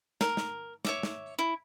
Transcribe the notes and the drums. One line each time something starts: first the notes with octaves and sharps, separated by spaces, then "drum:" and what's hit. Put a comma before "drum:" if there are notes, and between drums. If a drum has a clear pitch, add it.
A#4, drum: snare
drum: snare
C#5 E5 D6, drum: snare
drum: snare
E4